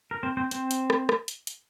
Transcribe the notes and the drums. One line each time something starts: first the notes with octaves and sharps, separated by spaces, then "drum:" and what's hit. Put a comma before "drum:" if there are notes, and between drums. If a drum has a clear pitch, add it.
A#4
C4 C5
C4 C5
C4 C5, drum: hi-hat
drum: hi-hat
drum: rim click
drum: rim click
drum: hi-hat
drum: hi-hat